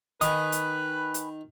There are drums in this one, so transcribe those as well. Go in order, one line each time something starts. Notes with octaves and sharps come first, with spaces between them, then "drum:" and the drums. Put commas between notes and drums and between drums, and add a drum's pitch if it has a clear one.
D#3 B4 G#5 B5 D#6, drum: hi-hat
drum: hi-hat
drum: hi-hat